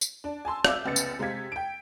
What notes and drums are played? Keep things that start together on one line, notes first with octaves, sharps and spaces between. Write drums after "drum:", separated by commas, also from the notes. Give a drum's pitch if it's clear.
drum: tambourine
D4
G#5 A5 C6 E6
D5 E5 F5 D6 E6 G6, drum: rim click
F1 C#2 B3 A6 C#7
drum: tambourine
C3 G#3 G4 F5 G#6 B6
G5 D7